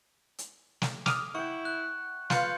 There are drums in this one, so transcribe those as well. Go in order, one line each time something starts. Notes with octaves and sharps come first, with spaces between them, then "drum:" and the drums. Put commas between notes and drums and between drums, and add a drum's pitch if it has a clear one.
drum: hi-hat
drum: snare
D6 D#6 F6, drum: snare
E4 F#5 G5 C#6
F#6
F4 B4 F5 C6 G6 C#7, drum: snare